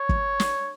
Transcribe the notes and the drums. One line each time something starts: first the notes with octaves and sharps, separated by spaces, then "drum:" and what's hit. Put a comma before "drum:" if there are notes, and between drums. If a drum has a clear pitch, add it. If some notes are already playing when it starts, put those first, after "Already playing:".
Already playing: C#5
drum: kick
drum: snare